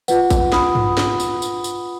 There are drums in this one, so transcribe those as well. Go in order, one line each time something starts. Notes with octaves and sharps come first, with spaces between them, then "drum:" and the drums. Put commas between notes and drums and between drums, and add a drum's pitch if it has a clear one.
F4 B4 F#5, drum: tambourine
drum: kick A1, tambourine
B5 D#6, drum: snare
drum: tom G2
drum: snare
drum: tambourine
drum: tambourine
drum: tambourine